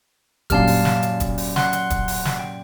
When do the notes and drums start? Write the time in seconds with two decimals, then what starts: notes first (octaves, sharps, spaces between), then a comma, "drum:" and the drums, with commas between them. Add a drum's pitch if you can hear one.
0.50 F#2 A#2 G3 F5 A5 F6, drum: kick, hi-hat
0.67 drum: open hi-hat
0.85 drum: snare
1.03 drum: hi-hat
1.20 drum: kick, hi-hat
1.38 drum: open hi-hat
1.56 F#5 C6 F#6, drum: snare
1.73 drum: hi-hat
1.90 drum: kick, hi-hat
2.08 drum: open hi-hat
2.25 drum: snare
2.39 G5